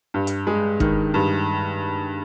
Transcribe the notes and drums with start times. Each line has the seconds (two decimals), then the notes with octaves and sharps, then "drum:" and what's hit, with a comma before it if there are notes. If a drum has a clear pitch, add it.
0.14 G2
0.27 drum: hi-hat
0.47 G#3
0.80 D#3, drum: kick
1.14 G2